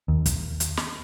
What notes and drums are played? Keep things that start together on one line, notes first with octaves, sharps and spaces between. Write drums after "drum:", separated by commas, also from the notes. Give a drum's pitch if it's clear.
D#2
drum: kick, hi-hat
drum: hi-hat
drum: snare